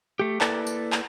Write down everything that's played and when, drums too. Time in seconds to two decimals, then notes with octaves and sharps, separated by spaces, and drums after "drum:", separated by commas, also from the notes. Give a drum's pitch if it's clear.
0.19 A3 G4
0.41 A#3 E4 A4 B4 D5, drum: clap
0.67 drum: tambourine
0.92 drum: clap